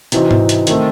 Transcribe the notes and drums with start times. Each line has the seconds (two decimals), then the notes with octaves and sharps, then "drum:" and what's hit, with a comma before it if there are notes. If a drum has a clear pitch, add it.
0.12 C3 E3 C4 D#4 F#4, drum: hi-hat
0.31 drum: tom G#2
0.49 drum: hi-hat
0.67 D#3 A3 C4, drum: hi-hat